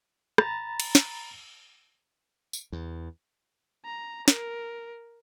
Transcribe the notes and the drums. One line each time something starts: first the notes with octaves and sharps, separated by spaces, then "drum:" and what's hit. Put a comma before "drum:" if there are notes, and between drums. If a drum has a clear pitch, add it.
A#5 B5 A6, drum: rim click
drum: cymbal
drum: snare
drum: tambourine
E2
A#5
A#4, drum: snare